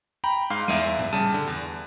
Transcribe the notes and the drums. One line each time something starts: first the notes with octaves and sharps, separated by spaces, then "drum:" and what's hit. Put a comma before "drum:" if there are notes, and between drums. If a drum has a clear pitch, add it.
G5 A#5 B5
G#2 F5 C6
E2 E5 D7 D#7, drum: snare
drum: tom A2
C#3 G3 A5 D#7
D3
E2